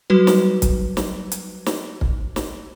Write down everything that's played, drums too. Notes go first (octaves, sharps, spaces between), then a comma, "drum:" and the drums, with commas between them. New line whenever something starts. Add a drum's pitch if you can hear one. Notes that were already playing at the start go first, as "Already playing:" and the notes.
F#3 G3 F#4 B4
drum: snare
drum: kick, hi-hat
drum: snare
drum: hi-hat
drum: snare
drum: kick
drum: snare